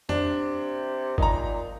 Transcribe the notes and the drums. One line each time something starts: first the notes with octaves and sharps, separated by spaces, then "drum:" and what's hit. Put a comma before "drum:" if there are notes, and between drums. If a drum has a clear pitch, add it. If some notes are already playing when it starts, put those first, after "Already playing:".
C3 D4, drum: tom F2
A#2 D#4 A#5, drum: kick G1